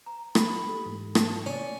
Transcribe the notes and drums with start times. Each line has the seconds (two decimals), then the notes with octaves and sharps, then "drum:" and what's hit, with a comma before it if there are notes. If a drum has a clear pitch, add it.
0.06 A#5
0.35 B5, drum: rim click
0.66 G4 A4 A#4
0.85 G#2 E3 G#3
1.15 A5, drum: rim click
1.46 C#4 D5